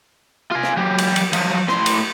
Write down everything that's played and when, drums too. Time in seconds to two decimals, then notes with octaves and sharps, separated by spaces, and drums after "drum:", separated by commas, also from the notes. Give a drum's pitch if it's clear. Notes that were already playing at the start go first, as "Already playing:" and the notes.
0.52 F4 G#5
0.63 drum: rim click
0.77 F#3 G4
0.98 drum: cymbal
1.16 drum: cymbal
1.33 F3 F#3, drum: cymbal
1.68 A2 C6, drum: rim click
1.86 drum: cymbal